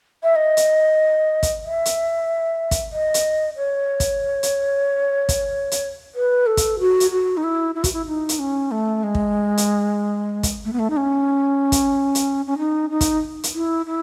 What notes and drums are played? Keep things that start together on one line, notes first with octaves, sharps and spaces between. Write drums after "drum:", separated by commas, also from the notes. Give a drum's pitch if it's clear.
E5
D#5
drum: hi-hat
drum: kick, hi-hat
E5
drum: hi-hat
drum: kick, hi-hat
D#5
drum: hi-hat
C#5
drum: kick, hi-hat
drum: hi-hat
drum: kick, hi-hat
drum: hi-hat
B4
A4
drum: kick, hi-hat
F#4
drum: hi-hat
F#4
D#4
E4
E4
F#4, drum: kick, hi-hat
E4
D#4
drum: hi-hat
C#4
A3
G#3
drum: kick
drum: hi-hat
drum: kick, hi-hat
A3
B3
A3
D#4
C#4
drum: kick, hi-hat
drum: hi-hat
C#4
D#4
D#4
drum: kick, hi-hat
drum: hi-hat
E4
E4